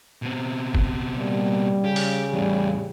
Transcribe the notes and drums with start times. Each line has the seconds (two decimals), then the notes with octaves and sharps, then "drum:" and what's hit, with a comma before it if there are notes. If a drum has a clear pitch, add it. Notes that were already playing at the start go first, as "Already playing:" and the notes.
0.22 B2 C4
0.75 drum: kick
1.16 G3 A#3
1.85 C#3 G4
1.96 drum: open hi-hat
2.33 E2 A2 G3